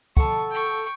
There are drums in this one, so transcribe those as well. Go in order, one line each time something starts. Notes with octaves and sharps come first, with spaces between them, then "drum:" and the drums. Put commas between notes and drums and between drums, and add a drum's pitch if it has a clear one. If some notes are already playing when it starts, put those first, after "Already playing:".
A4 F#5 A5 C#6, drum: kick
G5 C#6